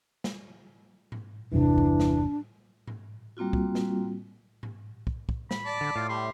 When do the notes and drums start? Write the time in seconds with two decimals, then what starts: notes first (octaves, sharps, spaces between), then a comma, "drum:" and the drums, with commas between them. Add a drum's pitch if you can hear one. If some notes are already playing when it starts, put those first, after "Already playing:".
0.24 drum: snare
1.12 drum: tom G#2
1.52 G1 E2 C3 E3 D4
1.78 drum: kick
2.00 drum: snare
2.87 drum: tom G#2
3.37 G3 A#3 C4 F4 F#4
3.53 drum: kick
3.75 drum: snare
4.63 drum: tom G#2
5.07 drum: kick
5.29 drum: kick
5.51 B5, drum: snare
5.66 D5 A5
5.81 D3
5.96 A2 F4
6.09 G3 C6